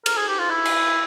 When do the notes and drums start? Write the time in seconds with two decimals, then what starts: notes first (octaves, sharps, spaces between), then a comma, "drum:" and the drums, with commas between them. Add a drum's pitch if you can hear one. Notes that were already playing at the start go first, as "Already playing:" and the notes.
0.06 A#4, drum: cymbal
0.17 G#4
0.28 G4
0.39 F4
0.50 E4
0.65 drum: cymbal